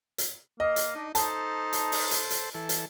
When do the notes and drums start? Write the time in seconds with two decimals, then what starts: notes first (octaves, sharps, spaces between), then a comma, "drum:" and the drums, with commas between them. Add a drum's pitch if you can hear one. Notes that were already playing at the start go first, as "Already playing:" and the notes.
0.18 drum: hi-hat
0.60 A#3 D#5
0.76 drum: hi-hat
0.95 D4 D#4
1.15 D#4 A4 C5 A5, drum: hi-hat
1.73 drum: hi-hat
1.92 drum: open hi-hat
2.11 drum: hi-hat
2.30 drum: hi-hat
2.55 E3 A4
2.69 drum: hi-hat